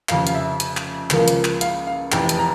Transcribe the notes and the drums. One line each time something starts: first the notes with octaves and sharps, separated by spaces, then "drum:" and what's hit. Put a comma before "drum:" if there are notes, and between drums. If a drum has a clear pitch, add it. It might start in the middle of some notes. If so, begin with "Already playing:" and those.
F1 F2 C#3 F5, drum: clap
F5, drum: hi-hat
E5
drum: hi-hat
drum: clap
C#2 C#3 F3 A#3, drum: clap
drum: hi-hat
drum: clap
F5, drum: hi-hat
F5
F1 F2 E3 G5, drum: clap
drum: hi-hat
A#5